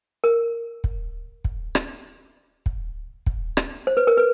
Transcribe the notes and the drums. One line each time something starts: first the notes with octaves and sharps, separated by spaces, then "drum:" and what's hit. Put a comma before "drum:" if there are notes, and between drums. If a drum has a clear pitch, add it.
A#4
drum: kick
drum: kick
drum: rim click
drum: kick
drum: kick
drum: rim click
C5
B4
A#4
B4